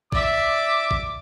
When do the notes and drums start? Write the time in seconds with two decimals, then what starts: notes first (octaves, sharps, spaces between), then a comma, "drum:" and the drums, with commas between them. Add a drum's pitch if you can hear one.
0.12 D5 E5 D6, drum: kick
0.91 drum: kick